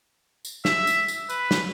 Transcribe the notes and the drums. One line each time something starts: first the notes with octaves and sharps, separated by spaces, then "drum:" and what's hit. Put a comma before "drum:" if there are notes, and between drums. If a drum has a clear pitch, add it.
drum: tambourine
E5, drum: snare
drum: tambourine
drum: tambourine
B4, drum: tambourine
drum: snare